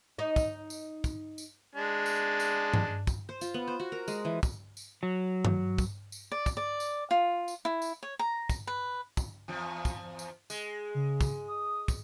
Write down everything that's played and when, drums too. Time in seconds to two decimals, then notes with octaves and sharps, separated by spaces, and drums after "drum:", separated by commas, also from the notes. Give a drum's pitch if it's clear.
0.19 D#4 D#5
0.36 drum: kick, tambourine
0.70 drum: tambourine
1.04 drum: kick, tambourine
1.38 drum: tambourine
1.75 G#3 D4
2.06 drum: tambourine
2.40 drum: tambourine
2.74 drum: tom G2
3.07 drum: kick, tambourine
3.29 C5
3.41 F4, drum: tambourine
3.54 B3
3.68 C5
3.80 F#4
3.92 A#4
4.08 G#3, drum: tambourine
4.25 E3
4.43 drum: kick, tambourine
4.77 drum: tambourine
5.03 F#3
5.45 drum: tom G2
5.78 drum: kick, tambourine
6.12 drum: tambourine
6.32 D5
6.46 drum: kick, tambourine
6.57 D5
6.80 drum: tambourine
7.11 F4
7.48 drum: tambourine
7.65 E4
7.82 drum: tambourine
8.03 C#5
8.19 A#5
8.50 drum: kick, tambourine
8.67 B4
9.17 drum: kick, tambourine
9.48 E2 F3
9.85 drum: kick, tambourine
10.19 drum: tambourine
10.50 G#3, drum: tambourine
10.95 C#3
11.21 drum: kick, tambourine
11.48 D#6
11.88 drum: kick, tambourine